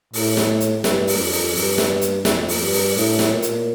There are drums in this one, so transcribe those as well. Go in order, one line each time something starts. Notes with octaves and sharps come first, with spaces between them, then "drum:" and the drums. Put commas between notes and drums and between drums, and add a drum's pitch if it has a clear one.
A2, drum: open hi-hat
drum: snare
drum: hi-hat
G2, drum: snare
drum: open hi-hat
F2
drum: open hi-hat
G2, drum: open hi-hat
drum: snare
drum: hi-hat
F2, drum: snare
drum: open hi-hat
G2
drum: open hi-hat
A2, drum: open hi-hat
drum: snare
A#2
drum: hi-hat